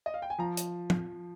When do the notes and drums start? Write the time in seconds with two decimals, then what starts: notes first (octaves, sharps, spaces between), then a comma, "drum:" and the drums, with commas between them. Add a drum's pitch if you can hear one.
0.06 D#5
0.14 F5
0.22 G5
0.30 G#5
0.38 F3 A#5
0.57 drum: hi-hat
0.90 drum: tom F3